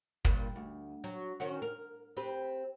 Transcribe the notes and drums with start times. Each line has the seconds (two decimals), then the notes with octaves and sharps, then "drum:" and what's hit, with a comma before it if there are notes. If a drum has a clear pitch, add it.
0.25 G2 A#2, drum: kick
0.56 D2
1.04 F#3
1.40 D#3 C#4 F#4
1.62 A#4
2.17 C4 G4 B4